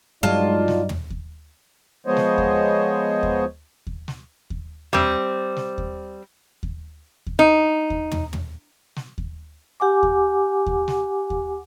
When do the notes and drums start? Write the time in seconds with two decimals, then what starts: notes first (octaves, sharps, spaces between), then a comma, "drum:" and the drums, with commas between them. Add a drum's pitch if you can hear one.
0.23 G2 F#3 G#3 D#4 F4 D5 D#5 A5
0.68 drum: snare
0.89 drum: tom
1.10 drum: kick D#2
2.06 F3 G#3 B3 C5 C#5 D#5
2.17 drum: snare
2.38 drum: kick D#2
3.23 drum: kick D#2
3.87 drum: kick D#2
4.08 drum: snare
4.50 drum: kick D#2
4.93 G3 C4, drum: tom
5.57 drum: snare
5.78 drum: kick D#2
6.63 drum: kick D#2
7.27 drum: kick D#2
7.39 D#4
7.90 drum: kick D#2
8.12 drum: tom
8.33 drum: tom
8.96 drum: snare
9.18 drum: kick D#2
9.80 G4 F#5 G#5 D6
10.03 drum: kick D#2
10.66 drum: kick D#2
10.88 drum: snare
11.30 drum: kick D#2